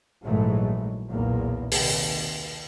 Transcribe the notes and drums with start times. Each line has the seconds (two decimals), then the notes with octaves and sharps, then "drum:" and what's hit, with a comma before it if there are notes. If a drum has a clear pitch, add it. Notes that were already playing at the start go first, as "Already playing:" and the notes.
0.25 A#1 G#2 E3 F#3 G#3 A3
1.09 B1 E2 A#2 A#3
1.72 D#2 C3, drum: open hi-hat